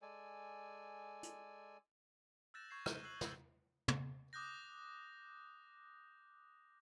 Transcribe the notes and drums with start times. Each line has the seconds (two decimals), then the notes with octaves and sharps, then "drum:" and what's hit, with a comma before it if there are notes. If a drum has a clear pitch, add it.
0.02 G#3 A4 D5 G#5
1.23 drum: hi-hat
2.54 E6 F#6 G6 A6 A#6 E7
2.70 C#6 G6 G#6 C7 E7
2.86 G6 D#7 E7 G7, drum: rim click
3.03 E6 F#6 C7 F#7
3.21 C#6 E6, drum: snare
3.88 drum: tom
4.33 D6 D#6 F#6 G6 A#6